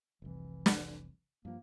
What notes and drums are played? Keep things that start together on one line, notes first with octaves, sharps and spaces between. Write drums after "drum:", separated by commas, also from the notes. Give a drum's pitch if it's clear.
F1 C2 E3
drum: snare
G2 F3 A#3